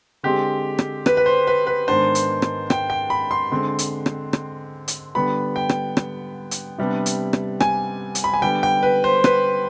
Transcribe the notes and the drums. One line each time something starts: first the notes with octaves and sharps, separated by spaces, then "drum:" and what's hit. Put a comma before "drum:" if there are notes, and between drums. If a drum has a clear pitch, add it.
D3 G#3 C4 G4
drum: rim click
B4, drum: rim click
B4
C5
B4
B4
G#2 D#3 B3 D4 C5
drum: hi-hat
drum: rim click
G5, drum: rim click
G5
B5
C6
D3 G#3 C4
drum: hi-hat
drum: rim click
drum: rim click
drum: hi-hat
D3 G3 B3 B5
G5
drum: rim click
drum: rim click
drum: hi-hat
C3 G3 B3 D4
drum: hi-hat
drum: rim click
G#5, drum: rim click
drum: hi-hat
B5
G#5
D3 G3 B3 G5
G5
B4
C5
B4, drum: rim click